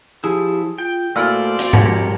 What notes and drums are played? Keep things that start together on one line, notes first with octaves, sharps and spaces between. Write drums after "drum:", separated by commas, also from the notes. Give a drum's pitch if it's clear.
F3 E4 G4 G#4
F4 G5
A#2 A3 E4 F#4 C5 D5 C6 F6
drum: hi-hat
G4 A#4 C#5, drum: tom G#2